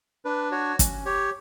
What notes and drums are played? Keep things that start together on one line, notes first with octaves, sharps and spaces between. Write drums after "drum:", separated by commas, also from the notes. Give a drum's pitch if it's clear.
D4 B4
F#4 C#5
C#4, drum: kick, hi-hat
G4 C#5